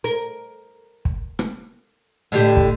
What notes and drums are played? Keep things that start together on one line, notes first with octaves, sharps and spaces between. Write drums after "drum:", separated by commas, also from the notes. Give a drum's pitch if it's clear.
A#4
drum: kick
drum: rim click
A2 D3 G4
drum: kick